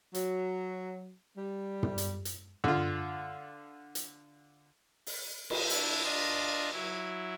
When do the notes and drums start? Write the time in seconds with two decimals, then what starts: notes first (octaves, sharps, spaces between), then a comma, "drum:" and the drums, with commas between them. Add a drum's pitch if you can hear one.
0.14 F#3, drum: hi-hat
1.37 G3
1.83 drum: tom
1.98 drum: hi-hat
2.25 drum: hi-hat
2.64 D3 F4, drum: tom
3.95 drum: hi-hat
5.07 drum: open hi-hat
5.50 drum: cymbal
5.70 D4 E4, drum: hi-hat
6.03 D4 F4 D#5
6.72 F#3 E4